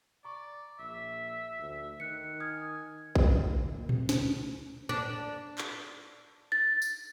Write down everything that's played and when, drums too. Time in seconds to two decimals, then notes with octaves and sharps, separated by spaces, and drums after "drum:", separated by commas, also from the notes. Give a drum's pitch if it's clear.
0.25 D5 A#5 C#6
0.79 A#1 E5
1.60 D2
2.00 D#3 F#6 C#7
2.40 G#5 D#6 F6 G#6
3.15 drum: kick A#1
3.26 G1
3.59 D1
3.74 A#2
3.89 C3, drum: tom A#2
4.09 D2, drum: snare
4.89 D4
5.58 drum: clap
6.52 A6
6.82 drum: tambourine